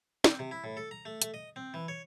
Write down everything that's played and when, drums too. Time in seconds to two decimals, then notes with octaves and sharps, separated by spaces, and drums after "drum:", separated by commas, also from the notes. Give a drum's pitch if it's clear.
0.24 C4, drum: snare
0.39 C3
0.51 E4
0.64 A2
0.77 A4
0.91 A#5
1.05 A3
1.22 A3, drum: hi-hat
1.34 D#5
1.56 C4
1.74 E3
1.88 C#5